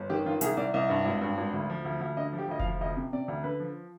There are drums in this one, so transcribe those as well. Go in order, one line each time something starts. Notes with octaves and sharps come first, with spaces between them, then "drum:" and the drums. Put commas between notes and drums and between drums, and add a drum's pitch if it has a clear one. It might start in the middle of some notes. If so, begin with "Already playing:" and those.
Already playing: G1
D#3 G4
D#3 F4
C2 G#4, drum: hi-hat
C2 D5
C2 D#5
G2
G#1
G2
G#1
D2
F3
D2
D2
D3 D#5
F3
G4
D2 D#5
F5, drum: kick F1
F3
D2 D#5
C3
C3 D5
D2
D3 B4
F3